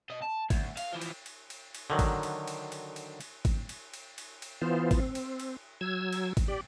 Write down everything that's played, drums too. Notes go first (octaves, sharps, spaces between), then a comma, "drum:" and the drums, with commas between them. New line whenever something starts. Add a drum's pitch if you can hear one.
B2 D#5
A5
D2, drum: kick G#1, cymbal
F5, drum: cymbal
E3 F3
drum: cymbal
drum: cymbal
drum: cymbal
drum: cymbal
D3 D#3 F#3
drum: kick G#1, cymbal
drum: cymbal
drum: cymbal
drum: cymbal
drum: cymbal
drum: cymbal
drum: kick G#1, cymbal
drum: cymbal
drum: cymbal
drum: cymbal
drum: cymbal
E3 B3 F4 C5
drum: kick G#1, cymbal
C4
drum: cymbal
drum: cymbal
F#3 E6 G#6
drum: cymbal
drum: kick G#1, cymbal
G4 D5